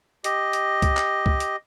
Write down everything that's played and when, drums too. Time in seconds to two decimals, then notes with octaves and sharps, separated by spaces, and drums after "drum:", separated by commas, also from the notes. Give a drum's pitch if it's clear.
0.24 G4 D#5, drum: hi-hat
0.53 drum: hi-hat
0.82 drum: kick C#2, hi-hat
0.97 drum: clap
1.26 drum: kick C#2
1.40 drum: hi-hat